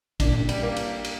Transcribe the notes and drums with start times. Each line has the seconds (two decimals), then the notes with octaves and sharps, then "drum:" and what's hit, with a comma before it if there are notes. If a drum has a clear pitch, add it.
0.20 A#2 D4, drum: kick, cymbal
0.34 D4
0.49 G3 G4, drum: cymbal
0.62 A#3 A#4
0.76 drum: cymbal
1.05 drum: cymbal